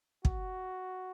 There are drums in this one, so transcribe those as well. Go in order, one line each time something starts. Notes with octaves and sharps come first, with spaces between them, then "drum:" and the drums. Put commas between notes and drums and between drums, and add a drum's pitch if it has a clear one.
F#4, drum: kick